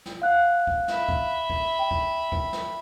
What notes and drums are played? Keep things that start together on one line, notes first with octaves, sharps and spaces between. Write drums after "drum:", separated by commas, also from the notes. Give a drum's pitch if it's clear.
drum: snare
F5 F#5 F#6
drum: kick
E5 B5, drum: snare
drum: kick
drum: kick
G5
drum: kick
drum: kick
drum: snare